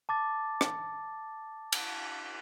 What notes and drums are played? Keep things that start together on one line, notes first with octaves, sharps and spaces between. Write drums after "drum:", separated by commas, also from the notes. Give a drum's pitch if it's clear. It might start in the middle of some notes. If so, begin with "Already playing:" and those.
A5 D6 A6
drum: rim click
drum: cymbal